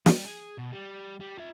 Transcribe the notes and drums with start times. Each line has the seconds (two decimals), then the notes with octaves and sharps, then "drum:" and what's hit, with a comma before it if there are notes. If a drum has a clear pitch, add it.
0.06 G3 D5, drum: snare
0.25 G#4
0.59 B2
0.72 G3
1.20 G3
1.38 F4 E5